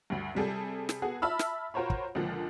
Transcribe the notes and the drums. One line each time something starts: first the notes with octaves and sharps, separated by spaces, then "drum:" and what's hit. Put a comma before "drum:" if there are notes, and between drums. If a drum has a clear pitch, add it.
D2 G2
C3 G3 G#4 A4
drum: snare
B3 F#4 G#4 A4
E5 A5 B5 E6 F6
drum: snare
F4 F#4 A#4 C5 C#5 B5
drum: kick
C#2 A#2 D3 F3